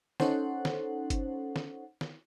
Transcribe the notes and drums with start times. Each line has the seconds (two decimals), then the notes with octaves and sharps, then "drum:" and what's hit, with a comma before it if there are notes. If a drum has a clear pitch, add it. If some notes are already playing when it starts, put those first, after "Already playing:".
0.20 C#4 D#4 A4 C5 F#5, drum: snare
0.65 drum: snare
1.10 drum: kick G1, hi-hat
1.56 drum: snare
2.01 drum: snare